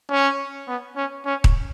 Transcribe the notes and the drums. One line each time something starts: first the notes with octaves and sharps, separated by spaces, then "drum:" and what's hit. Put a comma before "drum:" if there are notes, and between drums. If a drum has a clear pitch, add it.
C#4
B3
C#4
C#4
drum: kick D#1